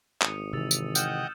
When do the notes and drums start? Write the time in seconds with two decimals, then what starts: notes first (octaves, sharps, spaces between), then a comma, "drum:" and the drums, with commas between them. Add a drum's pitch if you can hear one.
0.21 G#1 D#6 C#7 D#7, drum: clap
0.53 C3 D#3 E3 E6 A6 F7
0.71 drum: tambourine
0.95 D#5 F#5 G5 F6 G6 E7, drum: tambourine